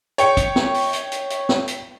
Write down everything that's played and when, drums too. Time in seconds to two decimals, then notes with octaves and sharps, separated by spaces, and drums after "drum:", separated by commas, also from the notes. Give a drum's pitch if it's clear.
0.18 C#5 G5 C#7, drum: hi-hat
0.37 drum: kick, hi-hat
0.56 drum: snare
0.74 drum: open hi-hat
0.93 drum: hi-hat
1.12 drum: hi-hat
1.30 drum: hi-hat
1.49 drum: snare
1.68 drum: hi-hat